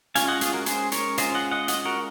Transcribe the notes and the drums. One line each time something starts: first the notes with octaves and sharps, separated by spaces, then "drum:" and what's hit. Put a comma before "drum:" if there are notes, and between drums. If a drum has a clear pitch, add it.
G#3 C#4 F4 F5 G#5, drum: hi-hat
D#5 F#5
F4 G#4, drum: hi-hat
F#4 A#4
G#4 C5, drum: hi-hat
A#4 C#5, drum: hi-hat
G#3 C#4 F4 C5 D#5, drum: hi-hat
D#5 F#5
D#5 F#5
D#5 F#5, drum: hi-hat
F#4 A#4